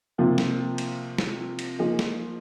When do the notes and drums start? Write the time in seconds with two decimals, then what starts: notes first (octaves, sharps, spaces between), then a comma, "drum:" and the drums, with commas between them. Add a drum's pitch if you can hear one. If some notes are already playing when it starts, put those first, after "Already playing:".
0.18 C3 F3 A#3
0.38 drum: snare
0.78 drum: cymbal
1.18 drum: snare
1.59 drum: cymbal
1.79 F3 A#3 D#4 G#4
1.99 drum: snare